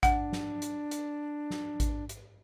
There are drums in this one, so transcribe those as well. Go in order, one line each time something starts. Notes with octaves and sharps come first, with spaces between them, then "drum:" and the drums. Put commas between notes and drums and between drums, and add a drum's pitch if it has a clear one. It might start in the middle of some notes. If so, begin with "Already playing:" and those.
D4 F#5, drum: kick A1, hi-hat
drum: snare
drum: hi-hat
drum: hi-hat
drum: snare
drum: kick A1, hi-hat
drum: hi-hat